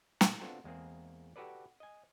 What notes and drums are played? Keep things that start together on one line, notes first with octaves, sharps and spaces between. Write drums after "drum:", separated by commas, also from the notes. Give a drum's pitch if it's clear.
A#2, drum: snare
B3 C4 D4 F4 F#4 A4
E2 G#3 A#3 C4 G#4
F#4 G4 A4 B4 D5
D#5 G#5